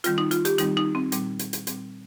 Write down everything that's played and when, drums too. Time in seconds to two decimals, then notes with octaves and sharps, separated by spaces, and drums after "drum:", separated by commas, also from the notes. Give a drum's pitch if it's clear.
0.04 D#3 G3 C4 F4, drum: hi-hat
0.18 D#4
0.31 F4, drum: hi-hat
0.45 G4, drum: hi-hat
0.58 D#3 G3 C4 D#4, drum: hi-hat
0.77 D#4
0.95 C4
1.12 A#2 G3 C4, drum: hi-hat
1.39 drum: hi-hat
1.53 drum: hi-hat
1.67 A#2 G3 C4, drum: hi-hat